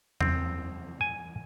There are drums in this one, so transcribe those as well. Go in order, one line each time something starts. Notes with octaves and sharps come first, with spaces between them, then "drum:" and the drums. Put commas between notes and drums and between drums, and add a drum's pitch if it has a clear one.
C4, drum: tom E2
G#5